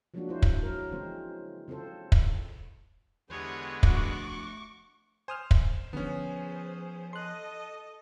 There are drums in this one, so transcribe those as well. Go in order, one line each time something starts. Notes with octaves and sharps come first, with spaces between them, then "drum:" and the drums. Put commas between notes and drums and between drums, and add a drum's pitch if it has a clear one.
F3 F#3 G#3 A#3 D4 F#4
E4 C5
drum: kick
F#3 A#4
C#3 E3 G#3 C4 C5
C#3 C4 F4 A4 C5
drum: kick
E2 D3 G#3 B3 G4 C#5
F3 A3 D4 F#4 C#6 D6, drum: kick
C5 G#5 D#6 F6
drum: kick
D3 F3 B3 C#4 G#4 C5
A4 D#5 C6 F#6